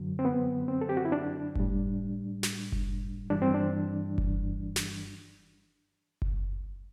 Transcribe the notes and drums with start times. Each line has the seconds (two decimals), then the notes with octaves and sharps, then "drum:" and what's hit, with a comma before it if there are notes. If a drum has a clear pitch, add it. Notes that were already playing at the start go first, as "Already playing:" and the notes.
Already playing: F#2 D3 F#3
0.19 C4
0.25 B3
0.68 C4
0.81 A4
0.89 G4
0.97 F#4
1.05 E4
1.12 D4
1.55 A2 G3, drum: kick F#1
2.43 drum: snare
2.72 drum: kick F#1
3.30 G2 E3 G3 D4
3.42 C4
3.54 D4
4.18 drum: kick F#1
4.76 drum: snare
6.22 drum: kick F#1